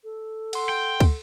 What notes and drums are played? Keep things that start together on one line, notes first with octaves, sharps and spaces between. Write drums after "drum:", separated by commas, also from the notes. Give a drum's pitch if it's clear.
A4
F#5 C6, drum: cymbal
G5
drum: kick, cymbal